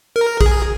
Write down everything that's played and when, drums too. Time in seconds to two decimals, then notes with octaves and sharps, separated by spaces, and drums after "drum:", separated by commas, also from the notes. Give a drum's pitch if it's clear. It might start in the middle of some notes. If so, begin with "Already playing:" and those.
0.16 A#4
0.41 G#4, drum: kick A#1